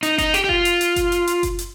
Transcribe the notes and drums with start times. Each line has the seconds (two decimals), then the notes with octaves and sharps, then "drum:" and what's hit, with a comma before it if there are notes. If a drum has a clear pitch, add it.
0.03 D#4, drum: hi-hat
0.18 D#4, drum: kick F#1, hi-hat
0.34 G4, drum: hi-hat
0.44 G4
0.49 F4, drum: kick F#1
0.65 drum: hi-hat
0.81 drum: hi-hat
0.96 drum: kick F#1, hi-hat
1.12 drum: hi-hat
1.27 drum: hi-hat
1.43 drum: kick F#1, hi-hat
1.59 drum: hi-hat